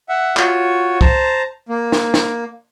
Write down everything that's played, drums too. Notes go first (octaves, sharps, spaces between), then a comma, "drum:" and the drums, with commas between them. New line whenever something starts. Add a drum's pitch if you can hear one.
E5 F#5
F4 F#4 C#5, drum: clap
C5 A5 A#5, drum: kick C2
A#3
drum: snare
drum: snare